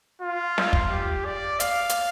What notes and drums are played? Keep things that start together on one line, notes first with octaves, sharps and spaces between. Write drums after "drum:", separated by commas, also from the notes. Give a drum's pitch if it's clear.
F4
drum: snare
drum: kick
G4
D5
F5, drum: hi-hat
drum: hi-hat